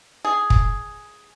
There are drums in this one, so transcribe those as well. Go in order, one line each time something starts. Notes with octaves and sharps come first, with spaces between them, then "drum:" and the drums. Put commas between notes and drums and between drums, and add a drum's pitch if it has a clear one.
G#4
drum: kick